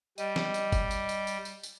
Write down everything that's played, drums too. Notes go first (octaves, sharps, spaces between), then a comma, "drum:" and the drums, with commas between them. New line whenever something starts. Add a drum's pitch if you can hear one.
G3 D#5, drum: tambourine
drum: snare
drum: tambourine
drum: kick, tambourine
drum: tambourine
drum: tambourine
drum: tambourine
drum: tambourine
drum: tambourine